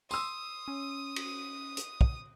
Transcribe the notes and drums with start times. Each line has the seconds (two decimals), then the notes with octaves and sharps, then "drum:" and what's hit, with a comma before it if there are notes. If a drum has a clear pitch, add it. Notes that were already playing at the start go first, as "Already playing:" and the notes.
0.11 C6 D#6 E6, drum: tambourine
0.68 C#4
1.16 drum: cymbal
1.77 drum: hi-hat
2.01 drum: kick